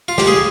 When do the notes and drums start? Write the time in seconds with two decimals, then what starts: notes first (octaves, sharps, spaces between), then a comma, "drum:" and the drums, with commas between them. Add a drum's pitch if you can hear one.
0.08 F4
0.18 G4, drum: snare
0.27 G#4